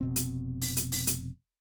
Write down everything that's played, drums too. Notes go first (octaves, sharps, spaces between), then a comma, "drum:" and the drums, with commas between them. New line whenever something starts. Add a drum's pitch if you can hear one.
F1 B2 C4
drum: hi-hat
drum: open hi-hat
drum: hi-hat
drum: open hi-hat
drum: hi-hat